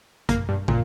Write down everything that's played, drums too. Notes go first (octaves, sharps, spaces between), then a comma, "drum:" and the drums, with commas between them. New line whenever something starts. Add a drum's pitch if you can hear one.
A#3, drum: kick, hi-hat
G2
A#2, drum: kick